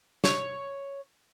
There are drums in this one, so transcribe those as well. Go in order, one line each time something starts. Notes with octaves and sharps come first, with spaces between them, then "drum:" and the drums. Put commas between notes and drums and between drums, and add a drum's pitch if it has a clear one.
C#5, drum: snare